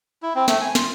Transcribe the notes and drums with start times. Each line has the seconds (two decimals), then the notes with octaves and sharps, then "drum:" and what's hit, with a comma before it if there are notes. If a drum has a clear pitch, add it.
0.22 E4
0.35 C4
0.48 A3, drum: snare
0.61 G#5
0.75 F4, drum: snare